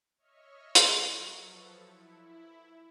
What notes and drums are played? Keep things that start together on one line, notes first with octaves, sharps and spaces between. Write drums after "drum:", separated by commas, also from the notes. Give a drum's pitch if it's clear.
C#5 D#5 E5 C#6 F6
F#3 C#6, drum: hi-hat
F3 A4 B4
E4